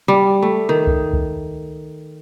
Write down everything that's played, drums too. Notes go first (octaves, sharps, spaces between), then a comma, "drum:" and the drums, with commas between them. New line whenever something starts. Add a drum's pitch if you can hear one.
G3
A3
D#3
drum: kick C#2
drum: kick C#2